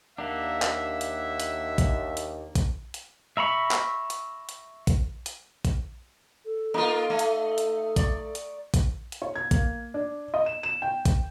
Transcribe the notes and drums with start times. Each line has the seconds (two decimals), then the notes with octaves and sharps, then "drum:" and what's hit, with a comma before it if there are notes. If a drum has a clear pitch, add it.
0.18 D#2 A#3 D4 E5 F#5
0.62 drum: clap
1.01 drum: hi-hat
1.40 drum: hi-hat
1.78 drum: kick, hi-hat
2.17 drum: hi-hat
2.55 drum: kick, hi-hat
2.94 drum: hi-hat
3.37 E5 A#5 B5 C#6
3.71 drum: clap
4.10 drum: hi-hat
4.49 drum: hi-hat
4.87 drum: kick, hi-hat
5.26 drum: hi-hat
5.65 drum: kick, hi-hat
6.45 A4
6.74 A#3 D#4 F4 D#5 C#6
7.10 A3
7.19 drum: hi-hat
7.58 drum: hi-hat
7.96 D5 C#6, drum: kick, hi-hat
8.35 drum: hi-hat
8.74 drum: kick, hi-hat
9.12 drum: hi-hat
9.22 C#5
9.36 G#6
9.51 A#3, drum: kick, hi-hat
9.94 D4
10.34 D#5
10.46 E7
10.63 E7
10.82 G5
11.05 drum: kick, hi-hat